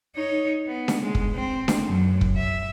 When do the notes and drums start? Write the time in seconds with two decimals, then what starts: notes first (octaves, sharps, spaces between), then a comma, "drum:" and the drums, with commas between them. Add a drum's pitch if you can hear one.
0.16 D#4 C#5
0.68 B3
0.88 drum: snare D4
1.01 G#3
1.15 drum: kick
1.34 C4
1.68 drum: snare D4
1.87 F#2 F#3
2.21 drum: kick
2.36 E5